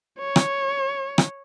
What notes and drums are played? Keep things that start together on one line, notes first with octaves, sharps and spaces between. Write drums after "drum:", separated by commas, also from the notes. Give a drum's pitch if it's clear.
C#5
drum: rim click
drum: rim click